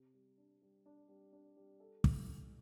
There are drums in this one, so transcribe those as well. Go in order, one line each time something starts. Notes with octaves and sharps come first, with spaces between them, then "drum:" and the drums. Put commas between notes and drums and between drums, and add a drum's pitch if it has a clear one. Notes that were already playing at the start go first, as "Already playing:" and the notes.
Already playing: C3
G3
D4
G3
D4
G3
D4
G3
A4
E4, drum: kick
E3